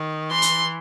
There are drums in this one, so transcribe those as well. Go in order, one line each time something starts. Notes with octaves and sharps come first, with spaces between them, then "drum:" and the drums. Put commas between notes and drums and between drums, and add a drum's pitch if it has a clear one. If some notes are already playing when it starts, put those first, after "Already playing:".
Already playing: D#3
E3 C6
drum: hi-hat